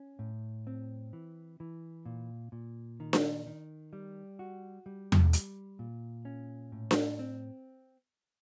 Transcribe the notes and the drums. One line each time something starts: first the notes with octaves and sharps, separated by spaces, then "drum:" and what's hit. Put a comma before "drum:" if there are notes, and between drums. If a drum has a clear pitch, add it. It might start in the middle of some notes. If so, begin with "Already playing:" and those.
Already playing: C#4
A2
C4
E3
E3
A#2
A#2
D#3
drum: snare D4
D#3
G3
F#4
G3
drum: tom E2
G3, drum: hi-hat
A#2
C#4
A2
drum: snare D4
C4